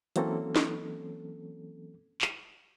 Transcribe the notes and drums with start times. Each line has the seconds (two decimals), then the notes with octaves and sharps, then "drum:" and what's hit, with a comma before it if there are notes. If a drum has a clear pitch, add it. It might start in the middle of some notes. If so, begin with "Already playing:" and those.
0.16 E3 F#3 A#3 C4 C#4 A4, drum: hi-hat
0.56 drum: snare
2.21 drum: clap